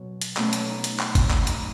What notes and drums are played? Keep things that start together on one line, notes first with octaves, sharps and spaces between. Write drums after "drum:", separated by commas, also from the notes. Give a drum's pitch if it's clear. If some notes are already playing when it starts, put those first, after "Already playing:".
Already playing: B2 F#3 F#4
drum: hi-hat
B2 A3 C#4, drum: clap
drum: hi-hat
D#4
drum: hi-hat
drum: clap
drum: kick, hi-hat
E4, drum: clap
D#4, drum: hi-hat